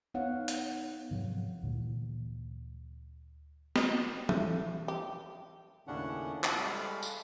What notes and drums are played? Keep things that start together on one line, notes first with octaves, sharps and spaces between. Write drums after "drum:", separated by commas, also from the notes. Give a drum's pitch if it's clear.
B3 D#4 C#5 F5 F#5
drum: hi-hat
G#2 C3 F3 F#3
D2 A#2 E3
D#5, drum: snare
A3, drum: tom E3
G4
D#2 A2 C#3 C#4 D4 F#5
drum: clap
G3 G#3 A4 F5 B5
drum: tambourine